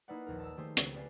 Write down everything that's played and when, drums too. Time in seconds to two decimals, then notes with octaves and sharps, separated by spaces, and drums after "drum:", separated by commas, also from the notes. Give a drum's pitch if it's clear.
0.08 A#3 D#4 E4 B4 D5 F#5
0.26 A#1 D#2 A#4
0.39 A5 A#5 E6
0.57 D#3 A3 G4 G#4 C5
0.77 C#2, drum: hi-hat
0.94 B4 D5 F5 G#5